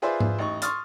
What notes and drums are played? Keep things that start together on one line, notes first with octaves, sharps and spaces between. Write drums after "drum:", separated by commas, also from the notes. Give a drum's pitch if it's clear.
F4 G#4 B4 C5 D5 E5
drum: tom G#2
A1 D#4 C#6
C6 C#6 D#6 F6 A6, drum: hi-hat